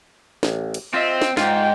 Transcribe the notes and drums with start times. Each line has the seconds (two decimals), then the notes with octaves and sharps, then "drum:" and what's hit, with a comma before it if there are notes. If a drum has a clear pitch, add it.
0.43 A1, drum: snare
0.74 drum: cymbal
0.94 C4 F4 D#5 E5
1.22 drum: snare
1.37 G#2 F4 G5, drum: snare